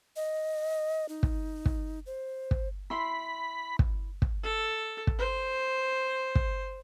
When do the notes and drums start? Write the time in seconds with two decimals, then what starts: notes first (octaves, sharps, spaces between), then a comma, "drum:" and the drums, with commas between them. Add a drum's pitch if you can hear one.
0.16 D#5
1.09 D#4
1.23 drum: kick
1.66 drum: kick
2.06 C5
2.51 drum: kick
2.90 E4 B5 C6
3.79 drum: kick
4.22 drum: kick
4.43 A4
5.07 drum: kick
5.18 C5
6.35 drum: kick